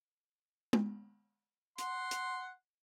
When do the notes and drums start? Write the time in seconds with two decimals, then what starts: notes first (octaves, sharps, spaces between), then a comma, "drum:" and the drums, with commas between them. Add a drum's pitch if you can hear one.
0.73 drum: tom
1.78 F#5 C6, drum: hi-hat
2.11 drum: hi-hat